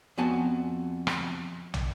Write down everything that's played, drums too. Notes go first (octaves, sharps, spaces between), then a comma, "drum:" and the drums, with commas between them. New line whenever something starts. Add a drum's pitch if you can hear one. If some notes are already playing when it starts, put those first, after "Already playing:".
F2 B3 F#4 G#5 A5
drum: rim click
drum: tom